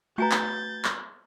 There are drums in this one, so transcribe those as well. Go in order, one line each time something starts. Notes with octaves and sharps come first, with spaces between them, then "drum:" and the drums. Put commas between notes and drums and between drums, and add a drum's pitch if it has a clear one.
A3 F#4 B4 G5 G#5 A#5 G6 A6
drum: clap
drum: clap